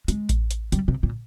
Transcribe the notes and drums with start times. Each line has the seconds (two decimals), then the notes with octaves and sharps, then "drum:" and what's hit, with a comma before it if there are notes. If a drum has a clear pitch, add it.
0.08 G#3, drum: hi-hat
0.29 drum: kick A1, hi-hat
0.51 drum: hi-hat
0.72 G3, drum: hi-hat
0.88 C3
1.03 A#2